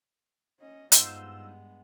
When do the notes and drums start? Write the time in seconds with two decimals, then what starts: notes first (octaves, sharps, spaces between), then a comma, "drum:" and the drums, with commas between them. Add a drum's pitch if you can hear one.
0.60 C#4 D#5
0.92 G2 G#3 B3 D#4 F4 C5 E6, drum: hi-hat